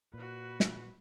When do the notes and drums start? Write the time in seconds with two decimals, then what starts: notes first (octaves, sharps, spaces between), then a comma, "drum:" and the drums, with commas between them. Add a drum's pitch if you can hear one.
0.14 A#2 F#4 B4
0.60 drum: snare